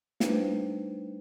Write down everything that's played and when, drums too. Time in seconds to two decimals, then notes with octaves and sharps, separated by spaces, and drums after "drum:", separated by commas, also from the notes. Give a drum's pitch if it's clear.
0.20 G3 A3 D4 D#4 B4 C5, drum: snare